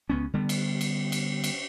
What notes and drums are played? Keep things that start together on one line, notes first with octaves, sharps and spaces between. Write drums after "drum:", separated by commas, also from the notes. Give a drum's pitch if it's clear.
C#2 B3 C#4
D3 G3 B3
drum: cymbal
drum: cymbal
drum: cymbal
drum: cymbal